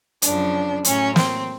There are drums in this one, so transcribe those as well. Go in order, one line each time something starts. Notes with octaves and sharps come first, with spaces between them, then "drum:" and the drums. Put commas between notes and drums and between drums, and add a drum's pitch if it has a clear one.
F#2 C#3 F3 D4, drum: hi-hat
A2 F#3 C#4, drum: hi-hat
C4, drum: snare